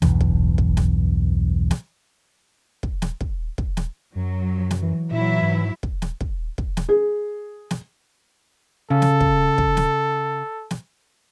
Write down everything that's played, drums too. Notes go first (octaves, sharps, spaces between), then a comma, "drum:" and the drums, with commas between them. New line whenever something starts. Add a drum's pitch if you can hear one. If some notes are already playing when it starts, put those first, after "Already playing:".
B1 E2 G2 E3, drum: snare
drum: kick
drum: kick
drum: snare
drum: snare
drum: kick
drum: snare
drum: kick
drum: kick
drum: snare
F#2 F#3
drum: snare
E3
A#2 F#3 E4 E5
G#2
drum: kick
drum: snare
drum: kick
drum: kick
drum: snare
G#4
drum: snare
C#3 A4
drum: snare
drum: kick
drum: kick
drum: snare
drum: snare